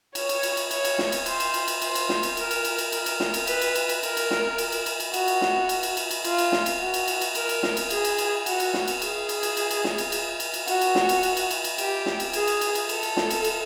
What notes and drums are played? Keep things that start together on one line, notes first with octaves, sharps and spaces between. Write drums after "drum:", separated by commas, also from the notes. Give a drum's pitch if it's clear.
C#5, drum: cymbal
drum: cymbal
drum: cymbal
drum: cymbal
C#5, drum: cymbal
drum: cymbal
drum: snare
drum: cymbal
C5, drum: cymbal
drum: cymbal
drum: cymbal
drum: cymbal
C5, drum: cymbal
drum: cymbal
drum: snare
drum: cymbal
A#4, drum: cymbal
drum: cymbal
drum: cymbal
drum: cymbal
A#4, drum: cymbal
drum: cymbal
drum: snare
drum: cymbal
B4, drum: cymbal
drum: cymbal
drum: cymbal
drum: cymbal
A#4, drum: cymbal
drum: cymbal
drum: snare
drum: cymbal
drum: cymbal
drum: cymbal
drum: cymbal
F#4, drum: cymbal
drum: cymbal
drum: snare
drum: cymbal
drum: cymbal
drum: cymbal
drum: cymbal
F4, drum: cymbal
drum: cymbal
drum: snare
drum: cymbal
F#4
drum: cymbal
drum: cymbal
drum: cymbal
A#4, drum: cymbal
drum: cymbal
drum: snare
drum: cymbal
G#4, drum: cymbal
drum: cymbal
drum: cymbal
F#4, drum: cymbal
drum: cymbal
drum: snare
drum: cymbal
G#4, drum: cymbal
drum: cymbal
drum: cymbal
drum: cymbal
drum: cymbal
drum: snare
drum: cymbal
drum: cymbal
drum: cymbal
drum: cymbal
F#4, drum: cymbal
drum: cymbal
drum: snare
drum: cymbal
drum: cymbal
drum: cymbal
drum: cymbal
drum: cymbal
G4, drum: cymbal
drum: snare
drum: cymbal
G#4, drum: cymbal
drum: cymbal
drum: cymbal
drum: cymbal
A4, drum: cymbal
drum: cymbal
drum: snare
drum: cymbal
drum: cymbal